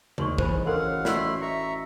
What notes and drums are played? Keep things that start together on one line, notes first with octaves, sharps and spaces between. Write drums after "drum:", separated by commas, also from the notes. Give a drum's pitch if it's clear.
D#2 D5 C6 C#6, drum: tom C#3
A1 C5 G#5 B5, drum: kick
C#4 A4 A#4 F5 F#5 C6
F#4
A3 D5 D#5 B5 C6 E6, drum: snare
E5 A#5 C#6